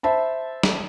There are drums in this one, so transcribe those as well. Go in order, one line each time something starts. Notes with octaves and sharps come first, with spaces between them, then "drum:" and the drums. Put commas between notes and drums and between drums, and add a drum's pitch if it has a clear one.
C5 E5 A5 B5
drum: snare